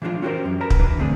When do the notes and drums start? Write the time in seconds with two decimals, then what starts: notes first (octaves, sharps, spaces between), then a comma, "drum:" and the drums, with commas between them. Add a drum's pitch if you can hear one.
0.02 E3 F3 G#3 D4 F4
0.22 C#4 F#4 G4 A4 A#4 C5
0.45 F#2
0.61 A#4 B4 A5 A#5
0.70 drum: kick
0.79 E3 D4 B4
0.98 D3 A3 C4 D4 G#4